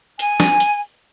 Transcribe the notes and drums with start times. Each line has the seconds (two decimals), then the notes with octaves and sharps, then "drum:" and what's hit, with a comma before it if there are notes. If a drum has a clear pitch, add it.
0.19 G#5, drum: hi-hat
0.40 drum: snare
0.60 drum: hi-hat